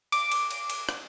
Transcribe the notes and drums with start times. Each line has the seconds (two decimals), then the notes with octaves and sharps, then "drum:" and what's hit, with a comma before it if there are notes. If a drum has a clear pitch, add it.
0.12 D6, drum: cymbal
0.31 drum: cymbal
0.51 drum: cymbal
0.70 drum: cymbal
0.89 drum: rim click